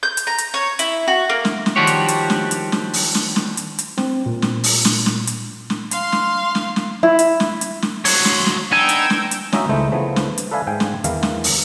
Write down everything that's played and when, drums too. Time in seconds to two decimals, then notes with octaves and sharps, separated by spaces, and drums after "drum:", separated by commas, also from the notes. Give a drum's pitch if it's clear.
0.03 G6
0.17 drum: hi-hat
0.27 A#5
0.38 drum: hi-hat
0.54 C#5
0.79 E4, drum: hi-hat
1.08 F#4
1.29 A#3
1.45 drum: snare
1.66 drum: snare
1.76 D#3 F3 G3 F#4 G4 C#5
1.87 drum: hi-hat
2.08 drum: hi-hat
2.30 drum: snare
2.51 drum: hi-hat
2.72 drum: snare
2.93 drum: open hi-hat
3.15 drum: snare
3.36 drum: snare
3.57 drum: hi-hat
3.79 drum: hi-hat
3.98 C4, drum: snare
4.26 A#2
4.42 drum: snare
4.64 drum: open hi-hat
4.85 drum: snare
5.06 drum: snare
5.27 drum: hi-hat
5.70 drum: snare
5.91 F5 C6, drum: hi-hat
6.12 drum: snare
6.55 drum: snare
6.76 drum: snare
7.03 E4
7.19 drum: hi-hat
7.40 drum: snare
7.61 drum: hi-hat
7.82 drum: snare
8.05 F#3 C5 C#5, drum: open hi-hat
8.25 drum: snare
8.46 drum: snare
8.72 B3 D4 D#4 G5 G#5 E6 G#6
8.89 drum: hi-hat
9.10 drum: snare
9.31 drum: hi-hat
9.53 C#4 D#4 F#4 D#5 E5, drum: snare
9.69 C#2 E3 A3 D#4 C5
9.92 C#3 E3 F3 A3 B3
10.16 drum: snare
10.38 drum: hi-hat
10.51 A4 B4 D5 E5 F5 G#5
10.67 G#2 F5 G5 G#5
10.80 drum: snare
11.04 E2 D#3 E3 A#4 F5, drum: hi-hat
11.23 drum: snare
11.44 drum: open hi-hat